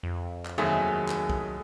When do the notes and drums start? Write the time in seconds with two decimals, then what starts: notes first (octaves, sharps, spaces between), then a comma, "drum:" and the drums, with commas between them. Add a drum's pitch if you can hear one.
0.03 F2
0.45 drum: clap
0.58 D#2 C3 D#3 F#3 A3 G#4
1.09 drum: clap
1.30 drum: kick